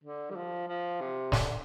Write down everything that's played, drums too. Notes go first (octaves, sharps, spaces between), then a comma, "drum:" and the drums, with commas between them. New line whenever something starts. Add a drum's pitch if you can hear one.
D3
G3
F3
F3
C3
D3, drum: snare